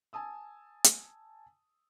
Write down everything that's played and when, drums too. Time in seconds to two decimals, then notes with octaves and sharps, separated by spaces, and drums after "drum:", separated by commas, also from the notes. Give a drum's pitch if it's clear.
0.13 G#5 A5 D#6 E6
0.84 drum: hi-hat